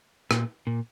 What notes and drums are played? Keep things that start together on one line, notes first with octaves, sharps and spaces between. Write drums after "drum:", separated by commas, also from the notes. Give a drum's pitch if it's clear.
A#2, drum: rim click
A#2